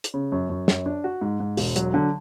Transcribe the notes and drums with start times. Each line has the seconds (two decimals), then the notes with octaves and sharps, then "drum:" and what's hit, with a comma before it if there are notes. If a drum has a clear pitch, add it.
0.04 drum: hi-hat
0.14 C#3
0.32 F#2
0.50 F#2
0.68 F#2, drum: snare
0.86 D4
1.04 F#4
1.21 G#2
1.40 G#2
1.57 E1, drum: open hi-hat
1.76 F#3, drum: hi-hat
1.94 D3